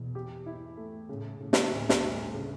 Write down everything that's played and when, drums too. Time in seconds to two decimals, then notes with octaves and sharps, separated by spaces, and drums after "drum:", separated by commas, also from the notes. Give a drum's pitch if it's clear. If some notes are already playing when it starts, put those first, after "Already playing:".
Already playing: E2 B2
0.15 G4
0.46 E4
0.77 A3
1.08 A2 C#3
1.40 A2 C#3
1.53 drum: snare
1.72 D2 A2
1.89 drum: snare
2.03 G1 A2
2.34 C#3